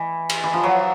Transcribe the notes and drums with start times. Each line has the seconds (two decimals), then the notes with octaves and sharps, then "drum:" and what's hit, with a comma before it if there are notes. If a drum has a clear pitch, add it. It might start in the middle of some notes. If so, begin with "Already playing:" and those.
Already playing: E3
0.29 drum: cymbal
0.44 E3
0.53 F3
0.63 F#3